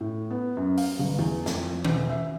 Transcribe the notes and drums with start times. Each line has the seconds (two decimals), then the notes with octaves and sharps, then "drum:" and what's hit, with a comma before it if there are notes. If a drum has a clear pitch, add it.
0.01 A2
0.30 B3
0.57 F#2
0.77 F5, drum: open hi-hat
0.99 G1
1.19 E2
1.46 F2, drum: snare
1.85 E1, drum: tom D#3
2.09 E5